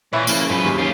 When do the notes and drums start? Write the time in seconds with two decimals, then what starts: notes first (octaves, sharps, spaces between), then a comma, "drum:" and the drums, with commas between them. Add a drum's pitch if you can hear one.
0.13 A#2 E3 E4 B4 C#5 E5
0.27 C#3 F3 A#3, drum: tambourine
0.50 G#2 F#3 F4 B4
0.65 D#2
0.78 C#4 F4 G4